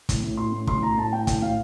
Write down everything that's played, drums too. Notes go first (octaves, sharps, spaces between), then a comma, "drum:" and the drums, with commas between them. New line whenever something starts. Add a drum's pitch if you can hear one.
A2, drum: kick, hi-hat
A2
A2 C6
A2
A2 C6, drum: kick
A2 A#5
A2 A5
A2 G5
A2 G5, drum: kick, hi-hat
A2 F5